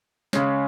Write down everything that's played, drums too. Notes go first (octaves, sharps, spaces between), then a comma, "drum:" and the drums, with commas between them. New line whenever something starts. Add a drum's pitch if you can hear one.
C#3 G#3 C#4, drum: snare